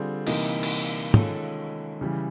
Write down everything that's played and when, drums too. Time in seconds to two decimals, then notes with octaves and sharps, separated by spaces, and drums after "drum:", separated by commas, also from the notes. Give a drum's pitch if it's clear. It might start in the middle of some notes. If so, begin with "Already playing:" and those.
Already playing: D3 G3 C4 F4 G#4
0.27 C3 E3 G3 A#3 D#4, drum: cymbal
0.63 drum: cymbal
1.14 D#3 G#3 C#4 F4 A4, drum: tom
2.01 C#3 E3 G3